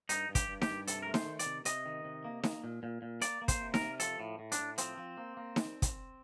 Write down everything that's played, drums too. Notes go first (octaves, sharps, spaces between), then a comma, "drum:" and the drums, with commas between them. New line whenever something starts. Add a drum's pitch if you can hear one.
G2 D#4, drum: hi-hat
G2
G4, drum: kick, hi-hat
G2
G4, drum: snare D#4
G2
C3 A4, drum: hi-hat
A3 A#4
C5, drum: snare D#4
D#3
D5, drum: hi-hat
C3
C3 D#5, drum: hi-hat
D#3
C3
A#3
A#3, drum: snare D#4
A#2
A#2
A#2
A#3 D5, drum: hi-hat
A#3
C5, drum: kick, hi-hat
C3
A#4, drum: snare D#4
C3
F3 A4, drum: hi-hat
A2
A2
D4, drum: hi-hat
A2
F3 C4, drum: hi-hat
F3
A#3
A#3
drum: snare D#4
drum: kick, hi-hat